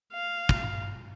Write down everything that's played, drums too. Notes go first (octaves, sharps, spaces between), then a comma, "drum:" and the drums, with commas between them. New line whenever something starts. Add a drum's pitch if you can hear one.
F5
drum: kick